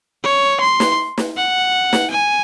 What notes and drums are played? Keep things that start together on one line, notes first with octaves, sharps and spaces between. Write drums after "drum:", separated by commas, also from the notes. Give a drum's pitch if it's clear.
C#5
C6
drum: snare
drum: snare
F#5
drum: snare
G#5